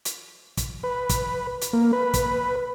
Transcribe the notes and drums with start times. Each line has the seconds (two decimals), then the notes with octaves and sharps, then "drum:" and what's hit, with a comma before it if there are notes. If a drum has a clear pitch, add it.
0.05 drum: hi-hat
0.57 drum: kick, hi-hat
0.83 B4
1.10 drum: kick, hi-hat
1.62 drum: hi-hat
1.73 A#3
1.93 B4
2.14 drum: kick, hi-hat